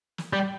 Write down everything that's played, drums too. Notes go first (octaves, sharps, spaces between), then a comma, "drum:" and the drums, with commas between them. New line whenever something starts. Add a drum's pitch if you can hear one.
drum: snare
G3